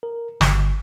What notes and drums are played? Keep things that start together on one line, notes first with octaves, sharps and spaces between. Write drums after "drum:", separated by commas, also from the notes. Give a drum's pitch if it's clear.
A#4
G1, drum: snare